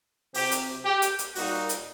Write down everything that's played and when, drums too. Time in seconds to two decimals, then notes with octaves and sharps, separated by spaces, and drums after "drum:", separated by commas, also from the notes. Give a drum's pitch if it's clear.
0.34 C3 F#3 C4 G4, drum: open hi-hat
0.51 drum: hi-hat
0.85 G4
1.02 drum: hi-hat
1.19 drum: hi-hat
1.35 A#2 G3 A#3 D#4 F#4, drum: open hi-hat
1.69 drum: hi-hat